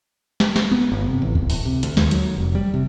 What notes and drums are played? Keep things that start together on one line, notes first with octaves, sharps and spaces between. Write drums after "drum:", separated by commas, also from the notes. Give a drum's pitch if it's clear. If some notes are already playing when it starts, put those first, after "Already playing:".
drum: snare
drum: snare
B3
G1
C3
A1
D1, drum: kick C#2
drum: open hi-hat
C3
D2, drum: hi-hat
D#2, drum: snare
F#3, drum: hi-hat
F1
G3
C3